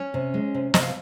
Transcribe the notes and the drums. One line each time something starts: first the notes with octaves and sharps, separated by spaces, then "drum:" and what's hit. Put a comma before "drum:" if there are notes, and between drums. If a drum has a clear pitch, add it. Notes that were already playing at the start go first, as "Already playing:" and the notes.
Already playing: C#4 C#5
C3
G#3
C3
C3 D#5, drum: snare
F5